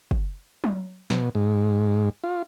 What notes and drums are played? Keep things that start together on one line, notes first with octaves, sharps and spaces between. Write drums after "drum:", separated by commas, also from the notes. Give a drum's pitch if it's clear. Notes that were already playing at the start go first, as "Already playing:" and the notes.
drum: kick
drum: tom F#3
B2, drum: snare
G#2
F4